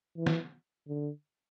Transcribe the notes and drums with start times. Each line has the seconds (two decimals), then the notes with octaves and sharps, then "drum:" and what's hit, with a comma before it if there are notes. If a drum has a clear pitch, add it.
0.17 E3
0.26 drum: snare
0.88 D3